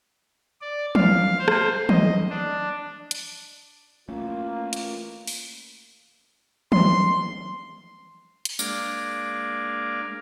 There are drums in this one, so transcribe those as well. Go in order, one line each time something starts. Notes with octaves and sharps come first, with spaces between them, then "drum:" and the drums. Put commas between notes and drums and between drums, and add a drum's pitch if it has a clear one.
D5
F5, drum: tom E3
C5
drum: rim click
D#5, drum: tom
D4
drum: hi-hat
A3 A#3 C#4 F4
drum: hi-hat
drum: open hi-hat
C6, drum: tom
drum: hi-hat
G#3 A#3 D4 D5 F5, drum: tambourine